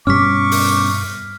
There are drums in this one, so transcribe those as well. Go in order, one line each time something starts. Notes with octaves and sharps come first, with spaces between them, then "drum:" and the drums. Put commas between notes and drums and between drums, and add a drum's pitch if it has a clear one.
G2 B2 G3 C#4 C#6 D6 F6 B6
drum: open hi-hat